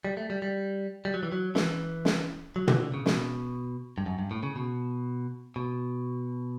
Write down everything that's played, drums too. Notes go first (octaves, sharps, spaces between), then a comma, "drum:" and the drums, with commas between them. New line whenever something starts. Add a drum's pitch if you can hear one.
G3
A3
G3
G3
G3
F#3
E3
F#3
E3, drum: snare
drum: snare
F#3
E3, drum: tom
D3
C#3
B2, drum: snare
G2
F#2
G2
A2
C#3
B2
B2